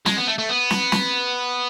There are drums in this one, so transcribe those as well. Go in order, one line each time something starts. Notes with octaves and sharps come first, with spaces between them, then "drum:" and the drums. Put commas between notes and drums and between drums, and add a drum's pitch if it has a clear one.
G#3, drum: snare
B3
A3
A3
B3
drum: snare
drum: snare